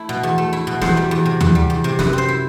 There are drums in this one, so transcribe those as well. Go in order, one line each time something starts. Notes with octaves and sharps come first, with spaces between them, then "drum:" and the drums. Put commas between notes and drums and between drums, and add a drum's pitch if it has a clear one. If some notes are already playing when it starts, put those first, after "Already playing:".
Already playing: A3 E4
B2
E2
A3
E4
B2
E2 C5, drum: snare
G3
E2
C3
E2, drum: tom D#2
G3
E2
C3
F#2 B4, drum: snare
C4 C5
E4